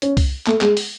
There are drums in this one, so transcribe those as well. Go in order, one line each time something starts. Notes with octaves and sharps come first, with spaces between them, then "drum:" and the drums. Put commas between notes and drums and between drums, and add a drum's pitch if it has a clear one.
C#4, drum: hi-hat
drum: kick C2, open hi-hat
A3, drum: clap
G#3, drum: clap
drum: open hi-hat